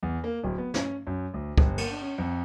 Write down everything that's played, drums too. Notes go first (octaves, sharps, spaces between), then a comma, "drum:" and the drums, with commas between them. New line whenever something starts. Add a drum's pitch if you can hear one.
E2
A#3
D1
B3
C#4, drum: snare
F#2
D2
G1, drum: kick
A#3, drum: cymbal
D4
C#4
F2